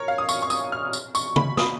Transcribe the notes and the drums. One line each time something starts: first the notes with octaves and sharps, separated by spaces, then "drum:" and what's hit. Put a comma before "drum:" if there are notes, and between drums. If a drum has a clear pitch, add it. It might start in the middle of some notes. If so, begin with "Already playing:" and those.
Already playing: A#4 C#5
F5
D#6
C#6, drum: tambourine
C#6
D#6, drum: tambourine
F6
drum: tambourine
C#6, drum: tambourine
B5, drum: tom C#3
D#6, drum: snare